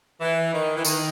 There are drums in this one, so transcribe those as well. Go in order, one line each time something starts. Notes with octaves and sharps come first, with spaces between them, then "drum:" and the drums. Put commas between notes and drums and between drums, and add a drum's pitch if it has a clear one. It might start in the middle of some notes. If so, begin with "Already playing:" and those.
E3
D#3
E3
D#3, drum: tambourine